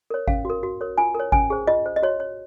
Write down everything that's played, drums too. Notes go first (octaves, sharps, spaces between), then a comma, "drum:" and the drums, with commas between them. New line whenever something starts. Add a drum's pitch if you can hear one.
A#4 C#5
C#4 F5, drum: kick G#1
F#4 A#4
F#4
A#4 C#5
F4 G#5
A#4 C#5
C#4 G#5, drum: kick G#1
G#4 C5
F4 D#5
C5
D#5
F#4 C#5
C#5